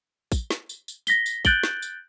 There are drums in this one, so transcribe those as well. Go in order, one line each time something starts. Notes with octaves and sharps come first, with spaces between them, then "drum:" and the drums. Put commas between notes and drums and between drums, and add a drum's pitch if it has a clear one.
drum: kick, tambourine
drum: snare
drum: tambourine
drum: tambourine
A#6 B6 G7, drum: tambourine
drum: tambourine
F#6 G6 A6 D7 F#7 G7, drum: kick, tambourine
drum: snare
drum: tambourine